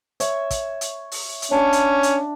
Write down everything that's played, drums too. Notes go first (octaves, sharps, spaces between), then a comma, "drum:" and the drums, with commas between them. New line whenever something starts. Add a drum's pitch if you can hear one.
C#5 E5, drum: hi-hat
drum: kick, hi-hat
drum: hi-hat
drum: open hi-hat
drum: hi-hat
C#4 D4 B5
drum: hi-hat
drum: hi-hat